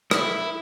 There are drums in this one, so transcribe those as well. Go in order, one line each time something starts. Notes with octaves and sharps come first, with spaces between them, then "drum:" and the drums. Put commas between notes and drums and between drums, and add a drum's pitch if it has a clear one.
E4, drum: rim click